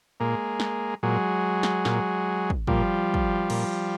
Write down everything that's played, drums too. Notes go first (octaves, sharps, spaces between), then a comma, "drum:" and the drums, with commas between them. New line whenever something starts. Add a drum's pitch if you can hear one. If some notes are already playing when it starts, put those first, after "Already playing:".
A#2 G#3 A#3
drum: snare
A#2 F#3 G#3
drum: snare
A#2, drum: snare
drum: kick
A#2 F3 G3, drum: kick
drum: kick
A#2, drum: cymbal